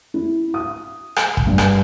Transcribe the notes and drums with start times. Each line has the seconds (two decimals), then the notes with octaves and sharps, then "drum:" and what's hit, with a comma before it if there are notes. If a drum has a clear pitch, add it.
0.14 E4
0.54 D#6
1.16 drum: rim click
1.37 drum: kick
1.47 G2
1.58 drum: rim click